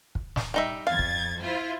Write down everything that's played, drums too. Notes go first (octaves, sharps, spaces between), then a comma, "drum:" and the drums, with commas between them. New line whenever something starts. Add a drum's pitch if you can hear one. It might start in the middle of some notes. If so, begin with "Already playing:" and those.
drum: kick
drum: snare
G3 D#4 E5
F2 F5 G#6 A6
drum: kick
E4 F4 C5